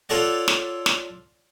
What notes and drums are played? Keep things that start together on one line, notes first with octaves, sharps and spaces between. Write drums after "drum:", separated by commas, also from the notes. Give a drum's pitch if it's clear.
F4 A4 C#5 D5 F#5
drum: snare
drum: snare